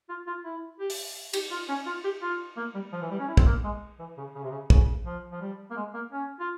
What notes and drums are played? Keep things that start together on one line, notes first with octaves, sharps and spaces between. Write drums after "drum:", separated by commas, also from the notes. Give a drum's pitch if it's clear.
F4
F4
E4
G4
drum: open hi-hat
G4, drum: cymbal
F4
C#4
F4
G4
F4
A#3
G3
F3
E3
G3
C#4
E4
C4, drum: kick
A#3
G#3
E3
C#3
C#3
C3
C#3
C#3, drum: kick
F3
F3
G3
A#3
G#3
A#3
C#4
F4